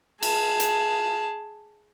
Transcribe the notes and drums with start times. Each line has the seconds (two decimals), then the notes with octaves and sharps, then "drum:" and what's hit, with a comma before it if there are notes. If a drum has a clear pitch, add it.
0.23 G#4 A5, drum: cymbal
0.60 drum: hi-hat